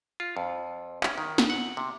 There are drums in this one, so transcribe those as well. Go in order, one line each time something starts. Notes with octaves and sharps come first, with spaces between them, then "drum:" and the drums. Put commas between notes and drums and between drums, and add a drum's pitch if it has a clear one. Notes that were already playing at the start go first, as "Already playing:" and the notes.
F4
F2
C#4, drum: clap
D#3
drum: snare
F#5
C3